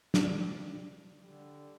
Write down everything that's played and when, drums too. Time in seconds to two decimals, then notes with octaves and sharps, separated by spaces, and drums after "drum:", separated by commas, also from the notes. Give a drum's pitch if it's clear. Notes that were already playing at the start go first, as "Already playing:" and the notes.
0.14 G3, drum: snare
1.23 D3 G3